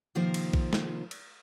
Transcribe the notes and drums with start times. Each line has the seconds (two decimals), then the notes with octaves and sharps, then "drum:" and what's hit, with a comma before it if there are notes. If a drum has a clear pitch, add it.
0.15 C3 D#3 F3 A#3 A#4 C5
0.34 drum: cymbal
0.53 drum: kick A#1
0.73 drum: snare
1.11 drum: cymbal